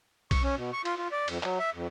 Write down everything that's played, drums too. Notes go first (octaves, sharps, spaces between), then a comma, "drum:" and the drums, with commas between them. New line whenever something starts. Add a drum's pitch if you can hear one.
C#6, drum: kick B1, cymbal
C#4
B2
C#6
F4, drum: cymbal
F4
D5
F2, drum: cymbal
F#3, drum: clap
E5
F2